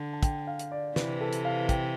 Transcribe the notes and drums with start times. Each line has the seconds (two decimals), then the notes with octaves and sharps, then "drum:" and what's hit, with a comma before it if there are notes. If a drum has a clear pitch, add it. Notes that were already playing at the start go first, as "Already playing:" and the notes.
Already playing: D3
0.13 A5
0.23 G5, drum: kick, hi-hat
0.47 F5
0.59 drum: hi-hat
0.72 D5
0.96 C3 E3 B4, drum: snare
1.21 A4
1.33 drum: hi-hat
1.45 F5
1.69 G5, drum: kick, hi-hat